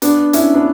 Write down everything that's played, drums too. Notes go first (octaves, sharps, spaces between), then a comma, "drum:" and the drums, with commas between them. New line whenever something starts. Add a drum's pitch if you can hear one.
B3 D4, drum: hi-hat
C#4 E4, drum: hi-hat
B3 D4